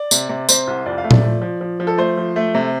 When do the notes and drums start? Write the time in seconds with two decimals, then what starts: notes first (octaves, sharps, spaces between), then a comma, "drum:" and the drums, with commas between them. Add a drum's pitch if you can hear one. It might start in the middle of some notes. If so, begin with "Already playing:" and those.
Already playing: D5
0.11 C3, drum: tambourine
0.29 C3
0.49 C3 C5, drum: tambourine
0.67 C2
0.86 F2 D5
0.98 F5
1.04 A3
1.11 D5, drum: tom A#2
1.23 F3
1.41 F3
1.61 F3
1.80 F3
1.87 A4
1.98 A3 C5
2.17 F3
2.36 A3
2.55 C3